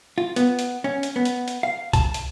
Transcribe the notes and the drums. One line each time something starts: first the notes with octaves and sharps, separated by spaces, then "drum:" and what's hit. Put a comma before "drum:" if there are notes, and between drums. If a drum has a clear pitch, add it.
F4
B3, drum: hi-hat
drum: hi-hat
C#4
drum: hi-hat
B3
drum: hi-hat
drum: hi-hat
F5
A5, drum: kick C2, hi-hat
drum: hi-hat